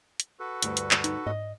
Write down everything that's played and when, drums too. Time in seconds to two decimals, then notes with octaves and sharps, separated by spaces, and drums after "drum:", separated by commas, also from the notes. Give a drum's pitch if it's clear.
0.20 drum: hi-hat
0.40 F#4 A4 B4
0.62 D2 G2, drum: hi-hat
0.77 drum: hi-hat
0.91 drum: clap
1.04 D#4, drum: hi-hat
1.27 G#2 D#5